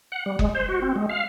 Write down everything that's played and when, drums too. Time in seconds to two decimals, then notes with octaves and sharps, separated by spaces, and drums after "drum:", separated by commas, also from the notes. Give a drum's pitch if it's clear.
0.12 F#5
0.26 G3
0.39 G#3, drum: kick F#1
0.55 C5
0.68 F#4
0.82 C4
0.96 G#3
1.09 F5